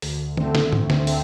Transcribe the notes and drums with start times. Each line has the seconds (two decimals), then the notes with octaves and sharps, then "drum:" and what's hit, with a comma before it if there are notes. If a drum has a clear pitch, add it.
0.02 D2, drum: open hi-hat
0.37 D3 A3 C4, drum: tom D#3
0.55 drum: snare
0.73 D2, drum: tom
0.90 drum: snare
1.07 D3 A3 C4, drum: open hi-hat